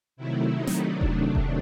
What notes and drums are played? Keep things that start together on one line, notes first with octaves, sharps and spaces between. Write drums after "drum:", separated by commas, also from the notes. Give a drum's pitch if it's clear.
C3 D#3 F#3 A3 E4
D#4
drum: snare
C3 D#3 F#3 A3 D4
drum: kick E1
drum: kick E1